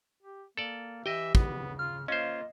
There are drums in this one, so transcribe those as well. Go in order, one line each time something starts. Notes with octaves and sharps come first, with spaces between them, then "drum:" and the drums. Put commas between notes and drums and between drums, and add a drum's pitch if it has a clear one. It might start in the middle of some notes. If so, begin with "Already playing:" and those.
G4
A#3 A4 D5
E3 G4 D#5 E5 G5
C#3 B3, drum: kick
F4 F6
A#3 C#4 F4 C5 D#5